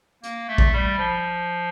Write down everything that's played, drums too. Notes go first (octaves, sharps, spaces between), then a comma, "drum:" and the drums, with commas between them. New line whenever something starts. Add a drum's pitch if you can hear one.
A#3, drum: hi-hat
A3
drum: kick
G3
F3